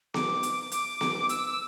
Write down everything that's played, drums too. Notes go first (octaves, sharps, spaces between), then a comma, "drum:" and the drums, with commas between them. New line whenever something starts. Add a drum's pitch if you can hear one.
D6, drum: snare B3
drum: hi-hat
D6, drum: hi-hat
drum: snare B3
E6, drum: hi-hat
E6